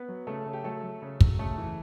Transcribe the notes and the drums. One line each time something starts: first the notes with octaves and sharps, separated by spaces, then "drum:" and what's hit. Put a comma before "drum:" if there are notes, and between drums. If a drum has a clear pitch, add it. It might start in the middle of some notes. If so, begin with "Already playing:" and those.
Already playing: B3 B4
F#3
C#3 A3 A4
C#3
G4
F#3 A3 A4
F#3
C#3
F#3, drum: kick
C#3 A3 A4
E3